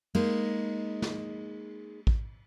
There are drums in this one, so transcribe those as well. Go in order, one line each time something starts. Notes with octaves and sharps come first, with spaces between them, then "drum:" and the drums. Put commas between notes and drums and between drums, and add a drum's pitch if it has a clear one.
G#3 A#3 D#4, drum: cymbal
drum: snare
drum: kick A1